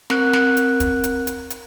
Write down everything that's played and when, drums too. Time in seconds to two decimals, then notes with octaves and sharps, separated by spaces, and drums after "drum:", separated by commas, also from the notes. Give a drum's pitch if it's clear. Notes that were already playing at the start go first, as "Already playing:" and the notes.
0.10 C4 A#4 F#6, drum: snare
0.33 drum: snare
0.57 drum: hi-hat
0.80 drum: kick, hi-hat
1.04 drum: hi-hat
1.27 drum: hi-hat
1.50 drum: hi-hat